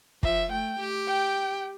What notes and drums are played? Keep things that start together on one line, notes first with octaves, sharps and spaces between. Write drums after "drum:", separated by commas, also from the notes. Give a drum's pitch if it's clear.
F3 E5, drum: kick
A3 G5
G4
G5